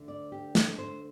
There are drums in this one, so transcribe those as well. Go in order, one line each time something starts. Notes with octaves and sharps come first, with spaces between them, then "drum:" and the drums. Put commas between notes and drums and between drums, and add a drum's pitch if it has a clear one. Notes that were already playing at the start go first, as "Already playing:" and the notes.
Already playing: D2 D3
D5
G4
A4, drum: snare
C5